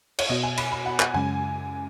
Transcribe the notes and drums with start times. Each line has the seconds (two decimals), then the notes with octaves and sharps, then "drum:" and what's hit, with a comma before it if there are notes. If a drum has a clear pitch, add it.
0.19 C#5, drum: cymbal
0.29 B2 B3 F#4 D#5
0.43 G#5
0.57 B5, drum: cymbal
0.72 B5
0.86 F#5
1.00 G#5, drum: clap
1.14 F#2 C#3 G#3 C#4 G#5